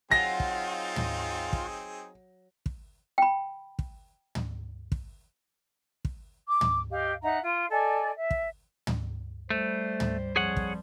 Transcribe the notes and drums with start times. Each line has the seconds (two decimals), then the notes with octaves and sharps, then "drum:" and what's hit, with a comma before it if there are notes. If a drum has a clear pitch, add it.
0.11 F#3 C4 D#4 F4 G#4 A#6
0.40 drum: kick
0.96 drum: tom
1.53 drum: kick
2.66 drum: kick
3.18 G5 B5
3.79 drum: kick
4.35 drum: tom
4.92 drum: kick
6.05 drum: kick
6.47 D6
6.61 drum: tom
6.91 G4 D#5 F5
7.22 D#4 E5 F#5 A#5
7.41 F4
7.70 A4 D5 D#5 G#5
8.16 E5
8.31 drum: kick
8.87 drum: tom
9.50 G3 A3 C5
10.00 drum: tom
10.36 F2 F3 G3 G#4 C#5 F#5
10.56 drum: kick